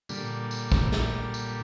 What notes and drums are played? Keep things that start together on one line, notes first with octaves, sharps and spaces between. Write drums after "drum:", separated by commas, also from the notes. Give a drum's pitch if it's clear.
A#2 D3 G3, drum: tambourine
drum: tambourine
drum: kick
drum: snare
drum: tambourine